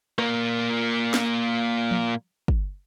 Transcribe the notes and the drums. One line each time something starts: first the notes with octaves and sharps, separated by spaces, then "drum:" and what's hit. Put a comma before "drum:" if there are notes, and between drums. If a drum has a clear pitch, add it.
A#2 A#3, drum: rim click
drum: snare
drum: tom F3
drum: kick